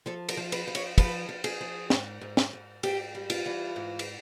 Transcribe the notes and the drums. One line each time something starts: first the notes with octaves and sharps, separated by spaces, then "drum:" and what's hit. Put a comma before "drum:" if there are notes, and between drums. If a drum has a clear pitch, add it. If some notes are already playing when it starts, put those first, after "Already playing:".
F3 A4
A#4, drum: cymbal
F3
B4, drum: cymbal
F3
C#5, drum: cymbal
F3 B4, drum: kick, cymbal
F3
G#4, drum: cymbal
F3
G#2, drum: snare
G#2
drum: snare
G#2
G#2 G4, drum: cymbal
G3
F4, drum: cymbal
E3
G#2
drum: cymbal